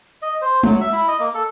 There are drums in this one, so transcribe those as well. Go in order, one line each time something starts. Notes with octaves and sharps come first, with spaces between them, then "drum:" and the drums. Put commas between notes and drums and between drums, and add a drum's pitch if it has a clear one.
D#5
C5
F#3, drum: tom G#3
E5
E4
D#5
A#3
A4